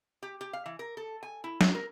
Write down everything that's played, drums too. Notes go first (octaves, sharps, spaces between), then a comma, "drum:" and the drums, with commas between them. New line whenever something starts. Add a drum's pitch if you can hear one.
G4
G4
F5
E3
A#4
A4
G#5
E4
F#3, drum: snare
A#4